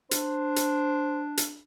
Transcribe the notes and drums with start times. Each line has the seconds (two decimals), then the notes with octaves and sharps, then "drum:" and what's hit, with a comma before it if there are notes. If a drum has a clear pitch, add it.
0.11 D4 C5, drum: hi-hat
0.56 drum: hi-hat
1.37 drum: hi-hat